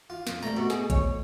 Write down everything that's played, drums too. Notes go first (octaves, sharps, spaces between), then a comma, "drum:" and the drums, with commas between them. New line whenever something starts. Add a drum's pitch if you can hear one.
F4
F2, drum: snare
G3 A3 A#5
B2 F#4
G#4, drum: snare
C#5, drum: kick A#1, hi-hat